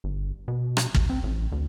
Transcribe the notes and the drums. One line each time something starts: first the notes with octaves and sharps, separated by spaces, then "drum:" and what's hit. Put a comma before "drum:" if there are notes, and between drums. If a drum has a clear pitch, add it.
G1
B2
drum: rim click
D2, drum: kick
C4
A1
D2